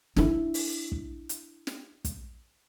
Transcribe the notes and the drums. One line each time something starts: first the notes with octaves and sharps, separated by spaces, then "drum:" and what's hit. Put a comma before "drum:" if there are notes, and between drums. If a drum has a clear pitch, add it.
D4 E4, drum: snare
drum: open hi-hat
drum: kick
drum: hi-hat
drum: snare
drum: kick, hi-hat